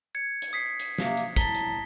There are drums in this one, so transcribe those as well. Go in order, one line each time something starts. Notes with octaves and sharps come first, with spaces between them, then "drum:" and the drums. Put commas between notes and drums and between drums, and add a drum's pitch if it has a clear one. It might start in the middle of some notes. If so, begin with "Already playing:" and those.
G#6 C#7
drum: hi-hat
D#6 B6 C7
drum: hi-hat
C3 A#3, drum: snare
drum: hi-hat
C2 A5 A#5 B6 G7, drum: kick, hi-hat
drum: hi-hat